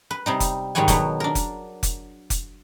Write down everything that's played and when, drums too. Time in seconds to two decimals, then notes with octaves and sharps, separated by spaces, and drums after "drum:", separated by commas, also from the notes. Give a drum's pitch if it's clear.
0.11 B4
0.26 C3 G3 D#4
0.40 drum: kick F1, hi-hat
0.75 G#2 D#3 G3 C#5 F#5 G#5
0.88 B2 F#3 B3, drum: kick F1, hi-hat
1.20 D4 A#4
1.35 drum: kick F1, hi-hat
1.83 drum: kick F1, hi-hat
2.30 drum: kick F1, hi-hat